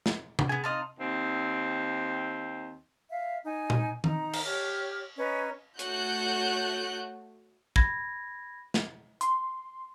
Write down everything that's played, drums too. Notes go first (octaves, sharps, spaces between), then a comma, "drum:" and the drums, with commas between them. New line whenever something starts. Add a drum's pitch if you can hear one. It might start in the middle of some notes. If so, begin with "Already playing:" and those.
drum: snare
drum: tom C3
B3 G#4 G#5
C4 D#4 D#5 F5 A5 D#6
D#2 C4
E5 F5
D#4 G#5
drum: tom A#2
D#4 A#5, drum: tom D#3
drum: cymbal
G4 C#5 F6
C#4 B4 D#5 A#5
A3 F#4 C#5 F#6 G6, drum: hi-hat
B5 G#6 A#6, drum: kick
drum: snare
C6, drum: hi-hat